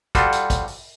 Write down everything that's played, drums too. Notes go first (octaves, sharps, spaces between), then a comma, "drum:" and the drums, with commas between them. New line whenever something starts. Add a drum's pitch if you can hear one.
G3 F4 F#4 A4, drum: kick, hi-hat
drum: hi-hat
drum: kick, hi-hat
drum: open hi-hat